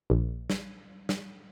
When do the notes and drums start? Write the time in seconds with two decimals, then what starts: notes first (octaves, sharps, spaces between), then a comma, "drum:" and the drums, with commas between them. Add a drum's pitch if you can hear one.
0.10 A#1
0.50 drum: snare
1.09 drum: snare